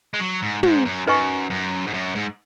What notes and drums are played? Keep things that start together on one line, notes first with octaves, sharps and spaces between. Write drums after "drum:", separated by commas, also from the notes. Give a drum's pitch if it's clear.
G#3
F#3
G#2
G#2, drum: tom
F#2
F#2 D#4 B4 D#5 G#5 C#6
F#2
G#2
F#2
G#2